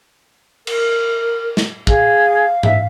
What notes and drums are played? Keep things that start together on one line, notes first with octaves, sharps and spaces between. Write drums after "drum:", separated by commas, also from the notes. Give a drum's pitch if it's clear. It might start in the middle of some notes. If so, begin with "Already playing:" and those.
A#4, drum: cymbal
drum: snare
G#4 F5, drum: kick
E5, drum: tom G#2